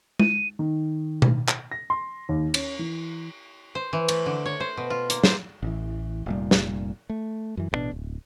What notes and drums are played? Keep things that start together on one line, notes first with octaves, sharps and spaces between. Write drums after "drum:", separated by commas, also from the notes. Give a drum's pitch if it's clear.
D#7, drum: tom G#3
D#3
drum: tom B2
drum: clap
A#6
C6
D#2
C#4, drum: cymbal
E3
C5
E3
A3, drum: cymbal
D3
C#5
C5
B2
F4
A#3, drum: hi-hat
C5, drum: snare
A1 E3
F1 A#2 G3
drum: snare
A3
F#2 E3
A1 G2 B2 D4
D1